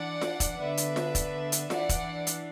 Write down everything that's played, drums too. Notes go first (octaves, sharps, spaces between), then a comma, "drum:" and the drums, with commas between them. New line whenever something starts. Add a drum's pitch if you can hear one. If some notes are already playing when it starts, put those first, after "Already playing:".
Already playing: E3 D4 D5 F#5
drum: snare F4
drum: kick E1, hi-hat
D3 B3 D4 B4 E5
drum: hi-hat
drum: snare F4
drum: kick E1, hi-hat
drum: hi-hat
E3 D4 D5 F#5, drum: snare F4
drum: kick E1, hi-hat
drum: hi-hat